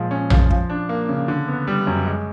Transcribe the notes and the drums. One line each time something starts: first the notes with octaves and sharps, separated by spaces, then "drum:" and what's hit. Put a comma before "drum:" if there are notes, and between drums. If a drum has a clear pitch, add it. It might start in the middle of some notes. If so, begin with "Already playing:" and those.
Already playing: A#2 F3 G#3
C#4
F3, drum: tom A#1
F3, drum: kick
D4
A#3
C#3
D3
B3
G3
F#2
G#3